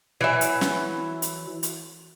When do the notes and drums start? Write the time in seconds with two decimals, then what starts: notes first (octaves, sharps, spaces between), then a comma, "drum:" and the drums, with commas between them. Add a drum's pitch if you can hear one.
0.21 E3 F#3 E5
0.41 drum: hi-hat
0.61 drum: snare
1.22 drum: hi-hat
1.63 drum: hi-hat